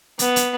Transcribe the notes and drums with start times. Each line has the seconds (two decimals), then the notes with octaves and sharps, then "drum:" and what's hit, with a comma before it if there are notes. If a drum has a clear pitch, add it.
0.19 B3, drum: hi-hat
0.36 drum: hi-hat